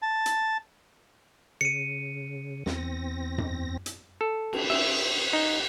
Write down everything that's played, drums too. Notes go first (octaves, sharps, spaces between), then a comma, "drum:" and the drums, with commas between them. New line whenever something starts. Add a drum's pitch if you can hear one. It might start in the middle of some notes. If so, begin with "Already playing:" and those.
A5
drum: hi-hat
C#3 C#7 D#7
E2 C4 A#6, drum: snare
drum: tom F#2
drum: hi-hat
A4
drum: cymbal
E5, drum: cymbal
D#4